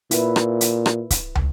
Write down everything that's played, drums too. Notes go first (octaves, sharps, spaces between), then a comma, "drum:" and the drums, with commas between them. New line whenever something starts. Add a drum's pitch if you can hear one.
A#2 E4 B4, drum: hi-hat
drum: rim click
drum: hi-hat
drum: rim click
drum: kick C#1, hi-hat
drum: tom